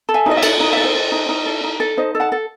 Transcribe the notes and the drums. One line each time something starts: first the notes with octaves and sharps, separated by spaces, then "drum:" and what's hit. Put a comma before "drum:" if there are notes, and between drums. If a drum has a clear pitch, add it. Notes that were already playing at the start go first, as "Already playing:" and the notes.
A4
E5 G#5
D#4, drum: cymbal
D#5
C#5 E5
A4, drum: cymbal
D#4 D#5
A4 E5
C5 D#5
A4
D#4
D#4
A4
D#4
A4
D#4 C5 D#5
A4
F#5 A5
A4